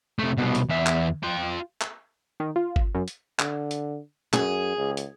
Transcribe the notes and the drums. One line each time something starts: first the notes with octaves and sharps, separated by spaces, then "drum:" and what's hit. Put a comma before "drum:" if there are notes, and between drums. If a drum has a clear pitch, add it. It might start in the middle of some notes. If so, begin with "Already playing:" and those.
C3 A3
C2 B2
drum: hi-hat
E2 E5
drum: clap
F4 G5
drum: clap
D#3
F4
drum: kick G1
F#2
drum: hi-hat
D3, drum: clap
drum: hi-hat
F#2 G#4, drum: clap
C#2
drum: hi-hat